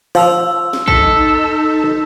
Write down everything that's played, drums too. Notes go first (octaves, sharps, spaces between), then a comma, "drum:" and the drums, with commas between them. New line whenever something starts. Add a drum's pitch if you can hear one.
F3 C6 E6 F7, drum: open hi-hat
drum: snare
D#4 A4 A#6 B6, drum: kick